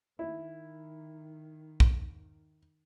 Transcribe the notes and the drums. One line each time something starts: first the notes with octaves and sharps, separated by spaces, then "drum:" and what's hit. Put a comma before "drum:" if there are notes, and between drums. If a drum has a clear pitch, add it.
D#3 E4
drum: kick